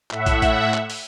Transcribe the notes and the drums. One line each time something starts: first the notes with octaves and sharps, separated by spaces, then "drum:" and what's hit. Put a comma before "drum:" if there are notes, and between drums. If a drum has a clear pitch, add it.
A2 E5 F#5, drum: clap
drum: kick, hi-hat
drum: kick, hi-hat
drum: clap
drum: open hi-hat